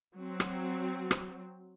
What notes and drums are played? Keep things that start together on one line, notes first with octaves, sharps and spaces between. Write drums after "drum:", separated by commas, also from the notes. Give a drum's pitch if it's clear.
F#3 C4
drum: rim click
drum: rim click